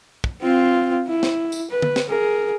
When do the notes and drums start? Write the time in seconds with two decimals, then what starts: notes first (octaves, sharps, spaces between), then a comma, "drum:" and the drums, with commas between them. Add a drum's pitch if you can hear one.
0.24 drum: kick
0.42 C4 F4
1.07 E4
1.23 drum: snare
1.52 drum: tambourine
1.71 B4
1.82 drum: tom D3
1.96 drum: snare
2.08 G#4 A#4